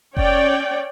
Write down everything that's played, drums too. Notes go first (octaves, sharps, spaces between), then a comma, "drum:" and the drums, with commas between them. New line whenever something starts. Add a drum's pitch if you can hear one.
C#4 C#5 D5 G5, drum: kick F1